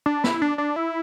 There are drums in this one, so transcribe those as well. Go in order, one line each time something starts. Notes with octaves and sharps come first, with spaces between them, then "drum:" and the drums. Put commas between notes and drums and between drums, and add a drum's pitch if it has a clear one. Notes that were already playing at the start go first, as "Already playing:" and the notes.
D4
E4, drum: snare
D4
D4
E4